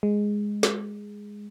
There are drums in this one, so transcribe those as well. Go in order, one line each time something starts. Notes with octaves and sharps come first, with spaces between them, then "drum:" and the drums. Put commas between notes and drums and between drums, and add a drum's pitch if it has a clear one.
G#3
drum: snare